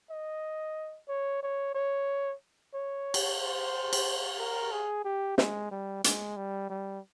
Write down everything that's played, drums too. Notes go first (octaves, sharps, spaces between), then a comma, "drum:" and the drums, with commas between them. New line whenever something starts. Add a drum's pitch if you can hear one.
D#5
C#5
C#5
C#5
C#5
drum: cymbal
C5
drum: cymbal
A#4
G#4
G4
G#3, drum: snare
G3
G#3, drum: hi-hat
G3
G3